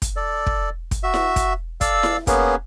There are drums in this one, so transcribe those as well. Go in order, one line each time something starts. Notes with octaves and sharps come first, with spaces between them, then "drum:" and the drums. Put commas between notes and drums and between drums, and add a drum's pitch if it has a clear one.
drum: kick, hi-hat
A4 D5
drum: kick
drum: kick, hi-hat
F#4 E5
drum: snare E4
drum: kick, hi-hat
A4 D5 F5 E6, drum: kick, hi-hat
drum: snare E4
A#3 B3 C#4 G#4, drum: kick, hi-hat